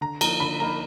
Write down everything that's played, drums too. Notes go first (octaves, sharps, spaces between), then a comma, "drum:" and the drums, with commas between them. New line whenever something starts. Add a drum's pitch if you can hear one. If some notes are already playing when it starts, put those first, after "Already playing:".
D3 A#5
F3 A#3 D#4 A#5, drum: cymbal
D3 B5
F3 A#3 D#4 A#5